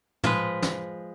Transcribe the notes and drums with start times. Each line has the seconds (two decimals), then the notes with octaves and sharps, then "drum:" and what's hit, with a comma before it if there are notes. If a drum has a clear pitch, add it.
0.24 F3 G#3 B4, drum: tom
0.62 drum: snare